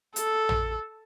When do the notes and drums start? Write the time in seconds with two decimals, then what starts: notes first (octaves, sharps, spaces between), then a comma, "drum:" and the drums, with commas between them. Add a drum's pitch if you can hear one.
0.16 A4, drum: hi-hat
0.49 drum: tom